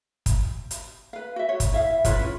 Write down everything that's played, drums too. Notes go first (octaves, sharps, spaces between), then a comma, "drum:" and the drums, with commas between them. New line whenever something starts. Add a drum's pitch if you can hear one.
drum: kick, hi-hat
drum: hi-hat
B4 F5
F#4 E5
C#5
drum: kick, hi-hat
E4 E5 F5
E4 F4 B4 C#5, drum: kick, hi-hat
C#4